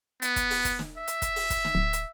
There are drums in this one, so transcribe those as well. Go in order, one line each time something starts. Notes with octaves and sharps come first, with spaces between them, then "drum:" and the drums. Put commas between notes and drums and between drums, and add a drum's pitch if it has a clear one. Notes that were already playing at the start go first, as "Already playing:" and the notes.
B3, drum: hi-hat
drum: kick, hi-hat
drum: open hi-hat
drum: kick, hi-hat
drum: snare
E5
drum: hi-hat
drum: kick, hi-hat
drum: open hi-hat
drum: kick, hi-hat
drum: snare
D1
drum: hi-hat